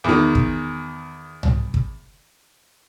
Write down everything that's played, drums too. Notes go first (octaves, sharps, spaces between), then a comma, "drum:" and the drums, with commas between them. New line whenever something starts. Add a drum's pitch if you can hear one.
E2 D#3
drum: kick
drum: tom C2
drum: kick